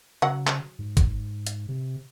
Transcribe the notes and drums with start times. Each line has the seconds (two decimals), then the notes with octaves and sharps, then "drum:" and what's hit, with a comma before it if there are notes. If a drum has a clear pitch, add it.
0.22 C#3 F#3 F#5
0.47 drum: clap
0.79 G#2
0.97 drum: kick, hi-hat
1.47 drum: hi-hat
1.69 C3